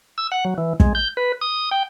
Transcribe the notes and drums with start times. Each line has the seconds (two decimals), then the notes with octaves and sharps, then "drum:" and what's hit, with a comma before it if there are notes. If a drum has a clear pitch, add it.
0.18 E6
0.32 F#5
0.45 F#3
0.58 E3
0.80 G#3, drum: kick
0.95 G6
1.17 B4
1.41 D#6
1.71 G5